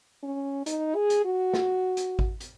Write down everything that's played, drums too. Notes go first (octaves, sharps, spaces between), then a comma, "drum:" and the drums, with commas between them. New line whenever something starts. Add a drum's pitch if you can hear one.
C#4
D#4, drum: hi-hat
G#4
drum: hi-hat
F#4
drum: snare
drum: hi-hat
drum: kick G#1
drum: hi-hat